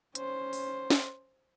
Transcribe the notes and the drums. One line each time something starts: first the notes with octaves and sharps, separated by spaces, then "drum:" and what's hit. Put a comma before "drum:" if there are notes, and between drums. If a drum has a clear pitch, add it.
C#4 C5, drum: hi-hat
drum: open hi-hat
drum: snare